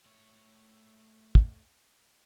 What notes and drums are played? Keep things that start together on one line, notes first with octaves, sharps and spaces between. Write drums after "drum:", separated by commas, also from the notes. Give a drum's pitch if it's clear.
A3 C#5
drum: kick